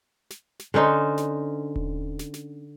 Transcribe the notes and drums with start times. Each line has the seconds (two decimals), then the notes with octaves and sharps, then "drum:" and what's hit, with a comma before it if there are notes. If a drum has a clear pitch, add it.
0.30 drum: snare
0.59 drum: snare
0.74 D3 C#4 D#4 C5
1.18 drum: snare
1.76 drum: kick D#1
2.19 drum: snare
2.34 drum: snare